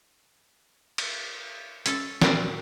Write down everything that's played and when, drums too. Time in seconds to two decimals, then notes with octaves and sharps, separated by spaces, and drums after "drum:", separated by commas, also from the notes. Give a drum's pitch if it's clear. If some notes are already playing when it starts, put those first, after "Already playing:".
0.98 drum: cymbal
1.86 C#4 A4 E5, drum: hi-hat
2.22 A#2 F#3 G3 C4 E5 F5, drum: snare